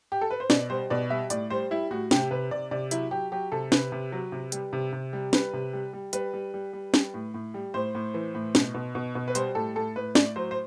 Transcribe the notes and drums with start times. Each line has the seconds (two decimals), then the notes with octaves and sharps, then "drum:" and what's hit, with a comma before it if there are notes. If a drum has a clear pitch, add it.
0.12 G4
0.21 A4
0.30 B4
0.40 C5
0.50 B2 D5, drum: snare
0.70 G3 C5
0.90 B2 D5
1.10 G3 E5
1.30 A2 D5, drum: hi-hat
1.50 G3 C5
1.71 G3 E4
1.91 A2 F#4
2.11 C3 G4, drum: snare
2.31 C3 B4
2.51 C3 D5
2.71 C3 D5
2.91 F#3 E4, drum: hi-hat
3.11 F#3 G4
3.32 F#3 G4
3.52 C3 A4
3.72 C3 B4, drum: snare
3.92 C3
4.12 F#3
4.32 C3
4.52 G3, drum: hi-hat
4.73 C3
4.93 C3
5.13 G3
5.33 G3 B4, drum: snare
5.53 C3
5.73 G3
5.93 G3
6.13 G3 B4, drum: hi-hat
6.33 G3
6.54 G3
6.73 G3
6.94 G3, drum: snare
7.14 A2
7.34 A2
7.54 G3
7.74 A2 C5
7.95 A2
8.14 E3
8.35 A2
8.55 B2, drum: snare
8.74 B2
8.95 B2
9.15 B2
9.28 B4
9.35 G3 C5, drum: hi-hat
9.55 A2 A4
9.75 A2 A4
9.96 A2 B4
10.15 A2 D5, drum: snare
10.36 F#3 C5
10.51 C5